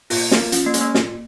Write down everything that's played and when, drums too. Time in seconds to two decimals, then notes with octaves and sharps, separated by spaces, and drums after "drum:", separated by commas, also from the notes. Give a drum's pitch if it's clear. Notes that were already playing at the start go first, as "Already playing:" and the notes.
0.10 A#2 F4, drum: open hi-hat
0.31 A#3 F4, drum: snare
0.52 F3 C#4, drum: hi-hat
0.66 A#3
0.74 G#3 C#4, drum: hi-hat
0.81 A#3
0.95 A#2, drum: snare